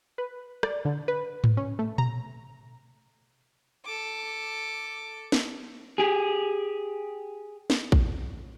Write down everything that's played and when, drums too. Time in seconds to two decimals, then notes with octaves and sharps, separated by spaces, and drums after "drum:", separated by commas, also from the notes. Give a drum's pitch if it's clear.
0.18 B4
0.63 D5, drum: rim click
0.85 D3
1.08 B4
1.44 drum: tom G#2
1.57 C#4
1.79 A3
1.98 A#5, drum: tom A#2
3.85 A4 D6
5.32 drum: snare
5.98 G4 G#4
7.70 drum: snare
7.92 drum: kick A#1